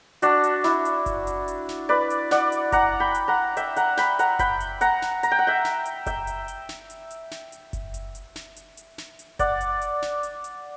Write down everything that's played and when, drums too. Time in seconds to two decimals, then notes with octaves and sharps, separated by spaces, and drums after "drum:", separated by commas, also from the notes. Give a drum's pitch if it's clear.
0.22 D4 F#4, drum: hi-hat
0.44 drum: hi-hat
0.64 E4, drum: snare
0.85 drum: hi-hat
1.06 drum: kick F#1, hi-hat
1.27 drum: hi-hat
1.48 drum: hi-hat
1.69 drum: snare
1.89 B4 D5
2.10 drum: hi-hat
2.31 D5 F#5, drum: snare
2.52 drum: hi-hat
2.72 F#5 A#5, drum: kick F#1, hi-hat
3.00 G5 B5
3.15 drum: hi-hat
3.28 F#5 A#5
3.57 E5 G5, drum: hi-hat
3.76 F#5 A#5, drum: hi-hat
3.97 G5 B5, drum: snare
4.19 F#5 A#5, drum: hi-hat
4.39 G5 B5, drum: kick F#1, hi-hat
4.60 drum: hi-hat
4.81 F#5 A#5, drum: hi-hat
5.02 drum: snare
5.23 A#5, drum: hi-hat
5.31 G5
5.39 F#5
5.47 E5 G5
5.65 drum: snare
5.85 drum: hi-hat
6.06 E5 G5, drum: kick F#1, hi-hat
6.27 drum: hi-hat
6.48 drum: hi-hat
6.69 drum: snare
6.90 drum: hi-hat
7.11 drum: hi-hat
7.31 drum: snare
7.52 drum: hi-hat
7.73 drum: kick F#1, hi-hat
7.94 drum: hi-hat
8.15 drum: hi-hat
8.36 drum: snare
8.56 drum: hi-hat
8.77 drum: hi-hat
8.98 drum: snare
9.19 drum: hi-hat
9.39 D5 F#5, drum: kick F#1, hi-hat
9.61 drum: hi-hat
9.81 drum: hi-hat
10.02 drum: snare
10.23 drum: hi-hat
10.44 drum: hi-hat